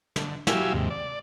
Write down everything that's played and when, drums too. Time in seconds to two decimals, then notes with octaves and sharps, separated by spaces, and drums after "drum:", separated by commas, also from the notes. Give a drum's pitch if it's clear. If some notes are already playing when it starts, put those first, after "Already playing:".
0.16 D3, drum: snare
0.47 F#3 E4 G4 F5 G#5 E6, drum: snare
0.73 D#2 G#2 C3
0.90 D5